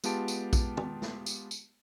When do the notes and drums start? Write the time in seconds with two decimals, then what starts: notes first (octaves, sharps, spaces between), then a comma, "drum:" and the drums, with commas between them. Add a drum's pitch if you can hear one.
0.04 G#3 B3 F4 G4 A5 D7, drum: tambourine
0.28 drum: tambourine
0.53 drum: kick A#1, tambourine
0.77 drum: tom
1.02 drum: snare
1.26 drum: tambourine
1.51 drum: tambourine